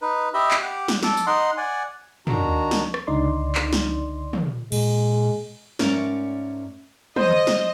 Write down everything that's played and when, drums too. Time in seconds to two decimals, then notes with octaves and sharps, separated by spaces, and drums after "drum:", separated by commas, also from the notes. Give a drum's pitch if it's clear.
0.02 D#4 B4
0.34 G4 D#5 E5 B5
0.51 drum: clap
0.62 G4 F#5 D6
0.88 drum: snare
1.03 A4 D6, drum: snare
1.17 drum: tambourine
1.27 D#4 D#5 F#5 C6
1.57 D5 F#5 G#5
2.27 D#3 D4 F#4 A#5, drum: tom
2.71 drum: snare
2.94 drum: rim click
3.07 C#2 D3 D#4 D5 C6
3.55 drum: clap
3.73 drum: snare
4.33 drum: tom
4.72 A#2 G#3, drum: cymbal
5.79 G#2 A3 C#4 A#4 C#5 D5, drum: snare
7.16 C5 D#5, drum: tom
7.47 drum: snare